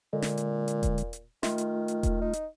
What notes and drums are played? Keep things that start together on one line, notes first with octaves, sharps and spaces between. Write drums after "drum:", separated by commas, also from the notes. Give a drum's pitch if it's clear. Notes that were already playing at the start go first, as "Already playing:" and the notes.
A#2 D3 G#3
drum: snare
drum: hi-hat
drum: hi-hat
drum: kick E1, hi-hat
drum: hi-hat
drum: hi-hat
D#3 A3 F4, drum: snare
drum: hi-hat
drum: hi-hat
drum: kick E1, hi-hat
D#4
drum: hi-hat